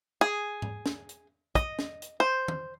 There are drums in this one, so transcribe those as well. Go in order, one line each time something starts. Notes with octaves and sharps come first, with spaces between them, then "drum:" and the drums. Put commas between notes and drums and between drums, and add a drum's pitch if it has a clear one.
G#4
drum: tom G#2
drum: snare
drum: hi-hat
D#5, drum: kick, hi-hat
drum: snare
drum: hi-hat
C5
drum: tom